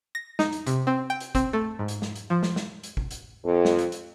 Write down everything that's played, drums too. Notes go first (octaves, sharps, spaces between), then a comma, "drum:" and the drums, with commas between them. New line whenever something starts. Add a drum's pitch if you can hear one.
A#6
D#4, drum: snare
drum: hi-hat
C3, drum: hi-hat
C4
G5
drum: hi-hat
C4, drum: kick, hi-hat
A3
G#2
drum: hi-hat
drum: snare
drum: hi-hat
F3
drum: snare
drum: snare
drum: hi-hat
drum: kick
drum: hi-hat
F2
drum: snare
drum: hi-hat
drum: hi-hat